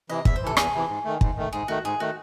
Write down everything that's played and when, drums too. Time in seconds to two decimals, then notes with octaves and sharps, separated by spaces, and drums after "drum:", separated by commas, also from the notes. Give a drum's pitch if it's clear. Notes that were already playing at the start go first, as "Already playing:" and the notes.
0.09 C3 E3 D#5
0.25 E2 E5, drum: kick
0.36 C5
0.42 C3 E3 A4
0.57 E2 G#4, drum: rim click
0.73 C3 E3
0.89 G#2
1.05 D#3 A3
1.21 G#2, drum: kick
1.37 D#3 A3
1.53 G#2 G#4
1.68 D#3 A3 F#4
1.85 G#2 G#4
2.00 D#3 A3 F#4